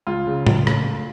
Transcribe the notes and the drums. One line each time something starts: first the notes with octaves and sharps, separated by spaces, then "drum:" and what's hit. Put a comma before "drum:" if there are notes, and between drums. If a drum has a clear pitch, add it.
C#2 F4
C#3
C#2, drum: tom A2
A3, drum: rim click
A3